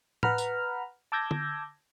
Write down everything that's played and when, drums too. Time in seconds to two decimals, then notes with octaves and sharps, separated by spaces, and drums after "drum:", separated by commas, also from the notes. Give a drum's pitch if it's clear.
0.23 B4 F#5 A#5 B5 F6, drum: tom
0.38 drum: tambourine
1.12 A5 D6 E6 G6 G#6 A#6
1.31 drum: tom D3